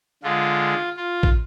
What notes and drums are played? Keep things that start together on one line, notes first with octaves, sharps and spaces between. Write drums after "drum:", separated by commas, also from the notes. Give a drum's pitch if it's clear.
D3 G#3 F4
F4
drum: kick